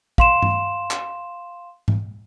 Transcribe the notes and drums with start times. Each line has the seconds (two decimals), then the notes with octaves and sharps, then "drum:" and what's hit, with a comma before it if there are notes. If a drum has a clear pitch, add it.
0.18 F5 C6 E7, drum: kick
0.42 drum: tom G2
0.91 drum: clap
1.88 drum: tom G#2